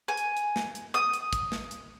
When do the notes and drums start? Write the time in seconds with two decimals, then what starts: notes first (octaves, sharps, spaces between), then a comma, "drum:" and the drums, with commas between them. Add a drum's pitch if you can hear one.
0.08 G#5
0.17 drum: hi-hat
0.37 drum: hi-hat
0.56 drum: snare
0.75 drum: hi-hat
0.94 D#6, drum: hi-hat
1.13 drum: hi-hat
1.33 drum: kick, hi-hat
1.52 drum: snare
1.71 drum: hi-hat